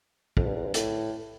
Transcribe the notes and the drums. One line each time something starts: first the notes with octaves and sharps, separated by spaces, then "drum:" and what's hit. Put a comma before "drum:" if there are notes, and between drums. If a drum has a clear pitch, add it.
F2, drum: kick
G2
E2
G2
A2, drum: hi-hat